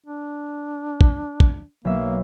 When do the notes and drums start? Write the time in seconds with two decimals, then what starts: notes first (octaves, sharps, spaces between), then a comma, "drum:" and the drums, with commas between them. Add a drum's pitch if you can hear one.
0.07 D4
1.01 drum: kick
1.40 drum: kick
1.85 B1 A#3 E5